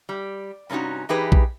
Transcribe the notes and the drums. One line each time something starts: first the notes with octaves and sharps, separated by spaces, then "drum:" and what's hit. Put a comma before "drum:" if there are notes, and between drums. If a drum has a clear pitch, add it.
G3
G2 C3 C#4 D#4 F#4
E3 D#4 G4 G#4 B4
drum: kick A#1